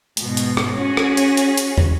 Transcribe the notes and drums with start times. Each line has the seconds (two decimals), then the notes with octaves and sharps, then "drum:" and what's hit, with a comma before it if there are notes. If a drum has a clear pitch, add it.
0.17 G#2 B2, drum: hi-hat
0.37 drum: hi-hat
0.57 drum: rim click
0.73 C#4 F#4 G#4
0.97 drum: rim click
1.17 drum: hi-hat
1.37 drum: hi-hat
1.57 drum: hi-hat
1.78 drum: tom